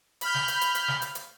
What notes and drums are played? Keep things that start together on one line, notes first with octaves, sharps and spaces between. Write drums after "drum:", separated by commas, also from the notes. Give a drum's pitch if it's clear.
B5 F6 G6, drum: hi-hat
drum: snare
drum: hi-hat
drum: hi-hat
drum: hi-hat
drum: snare
drum: hi-hat
drum: hi-hat